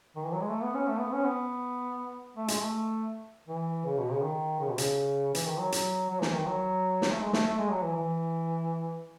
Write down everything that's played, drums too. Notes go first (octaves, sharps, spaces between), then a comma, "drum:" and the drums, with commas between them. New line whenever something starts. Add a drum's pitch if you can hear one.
D#3
E3
F#3
G#3
A3
B3
C#4
A3
B3
C#4
B3
A3
G#3, drum: hi-hat
A3
E3
C#3
B2
C#3
D#3
C#3
B2
C#3, drum: hi-hat
E3, drum: hi-hat
D#3
F#3
F#3, drum: hi-hat
F#3
E3, drum: snare
D#3
F#3
drum: snare
A3
G#3
A3, drum: snare
A3
G#3
F#3
E3
E3